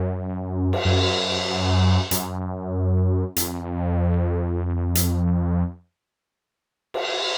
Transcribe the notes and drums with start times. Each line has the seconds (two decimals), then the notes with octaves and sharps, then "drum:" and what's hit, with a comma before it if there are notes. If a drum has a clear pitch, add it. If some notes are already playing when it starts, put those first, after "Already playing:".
Already playing: F#2
0.73 drum: cymbal
0.85 F#2
2.11 F#2, drum: hi-hat
3.36 F2, drum: hi-hat
4.95 drum: hi-hat
6.94 drum: cymbal